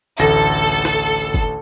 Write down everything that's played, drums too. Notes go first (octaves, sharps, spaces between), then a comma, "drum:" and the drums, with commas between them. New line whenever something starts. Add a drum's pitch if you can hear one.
A1 D2 A4 A#6
drum: tambourine
drum: tambourine
drum: tambourine
drum: snare
drum: tambourine
drum: kick F#1, tambourine